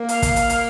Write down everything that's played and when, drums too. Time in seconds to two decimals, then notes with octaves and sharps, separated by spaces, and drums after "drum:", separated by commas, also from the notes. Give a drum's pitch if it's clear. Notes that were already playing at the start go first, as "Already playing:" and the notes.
Already playing: A#3
0.09 F5, drum: hi-hat
0.22 drum: kick, hi-hat
0.36 drum: hi-hat
0.49 drum: hi-hat